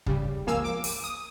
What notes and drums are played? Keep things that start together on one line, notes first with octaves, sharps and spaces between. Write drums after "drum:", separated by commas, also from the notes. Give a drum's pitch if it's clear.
C#3 G3, drum: kick
C#2 F3 A#3 F5 G#5 E6
D6
drum: open hi-hat
D#6